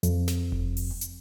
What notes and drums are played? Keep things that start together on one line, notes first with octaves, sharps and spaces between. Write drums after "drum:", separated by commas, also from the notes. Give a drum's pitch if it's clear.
F2, drum: hi-hat
drum: snare
drum: kick F1
drum: open hi-hat
drum: hi-hat